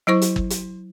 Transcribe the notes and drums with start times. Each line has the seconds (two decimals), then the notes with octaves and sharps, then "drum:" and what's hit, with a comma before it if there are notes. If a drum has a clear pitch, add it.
0.07 F#3 E4 C5 C#6
0.22 drum: hi-hat
0.36 drum: kick
0.50 drum: hi-hat